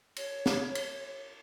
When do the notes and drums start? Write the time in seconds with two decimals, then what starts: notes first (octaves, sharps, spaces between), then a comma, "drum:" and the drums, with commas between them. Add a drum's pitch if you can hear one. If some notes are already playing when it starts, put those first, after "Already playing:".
0.16 C#5, drum: cymbal
0.46 drum: snare
0.75 drum: cymbal